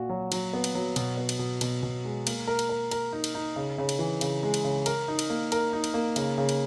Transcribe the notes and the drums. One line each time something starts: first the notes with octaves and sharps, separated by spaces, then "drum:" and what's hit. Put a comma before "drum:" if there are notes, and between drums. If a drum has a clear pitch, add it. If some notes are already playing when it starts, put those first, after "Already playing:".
Already playing: A#2 F#4
F#3
F#3, drum: cymbal
B3
drum: cymbal
F#3
B2, drum: cymbal
B3
drum: cymbal
B2
B2, drum: cymbal
B2
G#3
A#3, drum: cymbal
A#4
drum: cymbal
A#4
A#4, drum: cymbal
D#4
drum: cymbal
D#4
C#3
C#3
drum: cymbal
E3
C#3, drum: cymbal
G#3
drum: cymbal
C#3
A#4, drum: cymbal
D#4
drum: cymbal
A#3
A#4, drum: cymbal
D#4
drum: cymbal
A#3
C#3, drum: cymbal
C#3
drum: cymbal